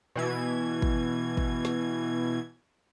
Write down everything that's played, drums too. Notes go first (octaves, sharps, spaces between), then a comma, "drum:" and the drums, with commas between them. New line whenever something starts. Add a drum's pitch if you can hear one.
B2 E3 G#6
drum: kick
drum: kick
drum: snare